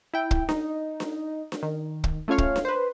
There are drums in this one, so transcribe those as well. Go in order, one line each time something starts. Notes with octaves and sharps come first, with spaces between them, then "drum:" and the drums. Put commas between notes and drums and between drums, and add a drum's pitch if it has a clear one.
E4 G5
drum: kick
D#4, drum: snare D4
drum: snare D4
drum: snare D4
D#3
drum: kick
A3 C#4 F4 C#5 F5
drum: kick
drum: snare D4
B4 C5